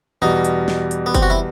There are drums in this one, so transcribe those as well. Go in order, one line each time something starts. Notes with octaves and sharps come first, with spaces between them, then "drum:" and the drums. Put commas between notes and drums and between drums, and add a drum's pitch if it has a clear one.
E2 B2 G3 D#4
drum: hi-hat
drum: snare
drum: hi-hat
B3
C4, drum: kick F#1, hi-hat
F#4
E4